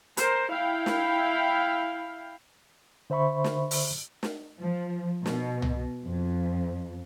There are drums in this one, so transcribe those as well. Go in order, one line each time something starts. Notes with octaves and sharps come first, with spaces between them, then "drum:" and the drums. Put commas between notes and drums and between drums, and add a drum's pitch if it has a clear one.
A#4 C5, drum: hi-hat
E4 F5 G5
drum: snare
D3 C5 E5 B5 C#6
drum: snare
drum: open hi-hat
drum: snare
F3
B2, drum: snare
drum: tom
F2